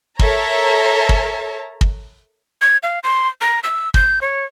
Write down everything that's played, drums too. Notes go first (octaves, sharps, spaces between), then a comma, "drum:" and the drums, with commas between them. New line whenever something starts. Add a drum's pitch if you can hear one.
A4 A#4 C#5 E5 A5 A#5, drum: kick
drum: kick
drum: kick
G#6
F5
C6
A#5
E6
G6, drum: kick
C#5